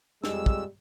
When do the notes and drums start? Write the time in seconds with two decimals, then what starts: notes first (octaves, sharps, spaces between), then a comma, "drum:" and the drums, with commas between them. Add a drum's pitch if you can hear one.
0.24 F2 G3 G#3 E6, drum: snare
0.46 drum: kick